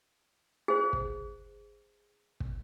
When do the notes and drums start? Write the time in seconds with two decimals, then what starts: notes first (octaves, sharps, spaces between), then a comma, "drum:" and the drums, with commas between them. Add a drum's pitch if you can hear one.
0.68 G#4 C5
0.93 drum: kick
2.40 drum: kick